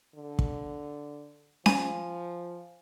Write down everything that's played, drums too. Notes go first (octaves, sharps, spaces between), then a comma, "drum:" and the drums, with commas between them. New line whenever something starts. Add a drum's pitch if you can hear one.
D3
drum: kick
F3 G#5, drum: snare C#4